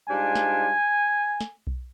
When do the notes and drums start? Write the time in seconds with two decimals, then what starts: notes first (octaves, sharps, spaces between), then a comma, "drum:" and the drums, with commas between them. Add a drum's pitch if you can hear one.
0.09 G#2 G3 D4 F4 G#5
0.35 drum: snare
1.41 drum: snare
1.67 drum: kick B1